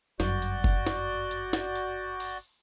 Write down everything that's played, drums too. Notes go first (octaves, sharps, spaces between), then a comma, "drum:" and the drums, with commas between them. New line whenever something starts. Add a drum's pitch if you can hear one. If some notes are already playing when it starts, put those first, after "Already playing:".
G1 F#2 F#4 D5 G6, drum: snare
drum: hi-hat
drum: kick
drum: snare
drum: hi-hat
drum: snare
drum: hi-hat
drum: open hi-hat